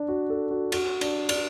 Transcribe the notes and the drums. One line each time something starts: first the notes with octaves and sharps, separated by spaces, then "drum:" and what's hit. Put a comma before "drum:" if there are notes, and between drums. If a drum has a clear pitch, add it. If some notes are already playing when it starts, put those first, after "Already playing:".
Already playing: D4
F#4
A4
F#4
F#4, drum: cymbal
D4, drum: cymbal
D4, drum: cymbal